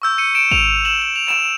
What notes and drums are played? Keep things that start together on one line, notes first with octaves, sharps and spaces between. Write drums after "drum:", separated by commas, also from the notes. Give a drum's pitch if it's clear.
C#6 E6 G6
C#7 D#7
D7 E7
D#7 F7, drum: kick
E7 F#7
E7
F7
D7 E7, drum: clap